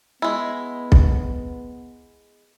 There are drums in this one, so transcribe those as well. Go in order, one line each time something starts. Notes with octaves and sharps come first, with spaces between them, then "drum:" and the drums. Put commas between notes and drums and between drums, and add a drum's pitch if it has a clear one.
G#3 B3 E4
drum: kick B1